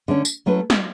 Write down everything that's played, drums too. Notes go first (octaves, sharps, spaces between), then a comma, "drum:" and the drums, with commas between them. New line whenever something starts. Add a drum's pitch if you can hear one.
D3 A3 C#4
drum: tambourine
F#3 A3 C#4 E4 B4
drum: snare